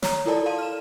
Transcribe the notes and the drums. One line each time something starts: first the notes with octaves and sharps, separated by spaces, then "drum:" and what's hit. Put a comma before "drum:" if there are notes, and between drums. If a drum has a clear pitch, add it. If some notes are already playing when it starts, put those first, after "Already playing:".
C#5 A#5, drum: snare
E4 F4 A4 A#4 D5 A5
F5 A5 C6 D#7
F6 E7